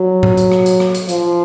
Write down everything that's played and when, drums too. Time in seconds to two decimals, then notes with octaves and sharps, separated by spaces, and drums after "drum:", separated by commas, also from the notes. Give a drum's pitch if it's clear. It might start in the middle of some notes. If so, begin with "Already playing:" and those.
Already playing: F#3
0.23 drum: tom A2
0.37 drum: hi-hat
0.52 drum: rim click
0.66 drum: hi-hat
0.80 drum: rim click
0.95 drum: hi-hat
1.09 F3, drum: hi-hat